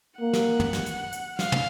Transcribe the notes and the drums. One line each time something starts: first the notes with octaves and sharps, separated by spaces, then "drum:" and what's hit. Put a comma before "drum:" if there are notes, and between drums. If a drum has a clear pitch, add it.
A#3 F#5
drum: snare
drum: tom
drum: snare
drum: hi-hat
drum: hi-hat
F5, drum: snare
drum: tom